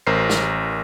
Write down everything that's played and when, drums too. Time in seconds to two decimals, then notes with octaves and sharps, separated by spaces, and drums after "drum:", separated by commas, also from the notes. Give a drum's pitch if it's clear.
0.07 A1 A#4 C5 C7
0.30 drum: snare